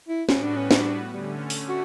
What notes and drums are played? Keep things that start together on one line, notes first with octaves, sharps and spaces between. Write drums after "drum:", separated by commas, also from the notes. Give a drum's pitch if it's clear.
E4
A2 G3 B3 C#4 F#4 B4, drum: snare
D4
C#4
D4, drum: snare
D3 G3 A3 C#4
drum: open hi-hat
F#4